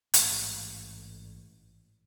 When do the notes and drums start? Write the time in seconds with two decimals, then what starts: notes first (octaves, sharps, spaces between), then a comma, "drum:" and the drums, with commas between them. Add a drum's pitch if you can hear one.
0.14 A1 G#2, drum: hi-hat